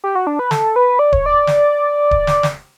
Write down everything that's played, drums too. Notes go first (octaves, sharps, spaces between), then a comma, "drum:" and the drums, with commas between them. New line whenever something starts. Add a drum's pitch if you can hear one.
G4
F#4
D4
B4
A4, drum: snare
B4
D5
C#5, drum: kick D1
D5
drum: snare
drum: kick D1
drum: snare
drum: snare